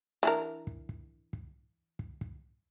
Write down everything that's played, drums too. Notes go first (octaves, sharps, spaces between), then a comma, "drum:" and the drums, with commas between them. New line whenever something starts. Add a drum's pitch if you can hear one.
E3 D4 A#4
drum: kick
drum: kick
drum: kick
drum: kick
drum: kick